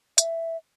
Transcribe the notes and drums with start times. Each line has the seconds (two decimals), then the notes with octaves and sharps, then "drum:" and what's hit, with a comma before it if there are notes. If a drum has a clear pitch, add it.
0.18 E5, drum: hi-hat